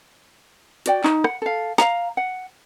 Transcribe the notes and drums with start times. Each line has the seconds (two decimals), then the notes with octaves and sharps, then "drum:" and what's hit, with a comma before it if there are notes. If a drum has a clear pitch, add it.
0.86 F#4 D5 G5, drum: hi-hat
1.04 D#4, drum: clap
1.24 F#5, drum: rim click
1.42 A4 F5
1.78 F5 A#5, drum: snare
2.17 F#5